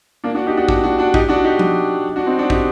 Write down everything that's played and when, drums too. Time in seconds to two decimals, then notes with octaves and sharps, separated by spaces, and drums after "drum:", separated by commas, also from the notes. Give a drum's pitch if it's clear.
0.24 A#3 D4
0.35 D4 F#4
0.46 D#4 G4
0.57 D4 F#4
0.68 D4 F#4, drum: kick
0.84 D4 F#4
0.99 D4 F#4
1.14 D#4 G4, drum: kick
1.29 D4 F#4
1.44 D#4 G4
1.59 drum: tom F3
2.16 D4 F#4
2.27 C4 D#4
2.38 D4 F#4
2.50 D#4 G4, drum: kick